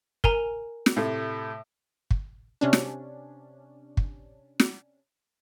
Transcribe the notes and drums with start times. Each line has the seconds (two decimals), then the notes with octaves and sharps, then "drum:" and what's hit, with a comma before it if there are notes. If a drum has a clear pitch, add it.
0.24 A#4 G#5 A#5, drum: kick
0.86 drum: snare
0.97 A2 C3 A3
2.11 drum: kick
2.61 C3 C#4 D4
2.73 drum: snare
3.97 drum: kick
4.60 drum: snare